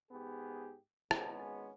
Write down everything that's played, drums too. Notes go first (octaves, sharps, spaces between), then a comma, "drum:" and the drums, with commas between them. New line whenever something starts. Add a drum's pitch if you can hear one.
G#2 B3 G4 G#4
G#1 G#3 B3 C#4, drum: rim click